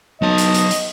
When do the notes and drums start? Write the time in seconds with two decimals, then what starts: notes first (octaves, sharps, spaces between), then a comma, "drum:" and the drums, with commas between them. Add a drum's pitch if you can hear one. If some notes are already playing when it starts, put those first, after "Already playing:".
0.22 B1 F#3 D#5 A5
0.38 drum: hi-hat
0.54 drum: hi-hat
0.71 drum: hi-hat